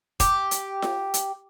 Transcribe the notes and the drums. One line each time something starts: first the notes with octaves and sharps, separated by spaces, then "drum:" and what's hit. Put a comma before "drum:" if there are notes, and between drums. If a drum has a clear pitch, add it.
G4, drum: kick, hi-hat
drum: hi-hat
drum: snare F4
drum: hi-hat